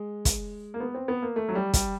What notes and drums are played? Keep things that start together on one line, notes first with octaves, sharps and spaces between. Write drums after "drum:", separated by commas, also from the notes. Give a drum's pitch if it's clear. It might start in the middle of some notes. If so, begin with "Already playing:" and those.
Already playing: G#3
drum: kick, hi-hat
A#3
B3
C4
B3
A#3
A3
F#3
G3
G3, drum: kick, hi-hat